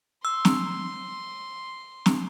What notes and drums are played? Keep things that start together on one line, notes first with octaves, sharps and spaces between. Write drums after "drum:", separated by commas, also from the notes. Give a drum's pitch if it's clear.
C6 E6
drum: snare
drum: snare